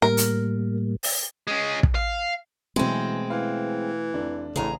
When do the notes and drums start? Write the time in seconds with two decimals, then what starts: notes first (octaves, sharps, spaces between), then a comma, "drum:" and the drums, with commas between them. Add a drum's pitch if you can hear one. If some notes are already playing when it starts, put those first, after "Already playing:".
0.02 A2 G3 A#3 A#4
0.17 drum: hi-hat
1.03 drum: open hi-hat
1.47 G#3 C#4
1.83 drum: kick
1.95 F5
2.76 B2 E3 F#3 G#3 A3 B3 C4
3.30 E3 F5
4.14 F1 D4
4.56 A1 A2 C#3 G#4 A#5